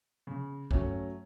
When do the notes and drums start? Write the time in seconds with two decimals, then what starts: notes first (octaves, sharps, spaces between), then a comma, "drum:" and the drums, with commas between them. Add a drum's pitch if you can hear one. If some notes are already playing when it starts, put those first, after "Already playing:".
0.27 C#3
0.71 F#3 A3 C#4, drum: kick